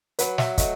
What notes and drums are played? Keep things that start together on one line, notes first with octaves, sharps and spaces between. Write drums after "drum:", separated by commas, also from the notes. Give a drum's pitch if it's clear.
F#3 B4, drum: hi-hat
E5, drum: snare
A3 D#5, drum: kick, hi-hat